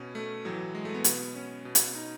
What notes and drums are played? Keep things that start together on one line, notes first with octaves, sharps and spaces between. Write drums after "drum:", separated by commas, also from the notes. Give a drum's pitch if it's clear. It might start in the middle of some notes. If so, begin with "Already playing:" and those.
Already playing: B2 C#4
A3
A2 E3 F#3
G#3
A3
B3
B2, drum: hi-hat
C#4
B2
drum: hi-hat
D#4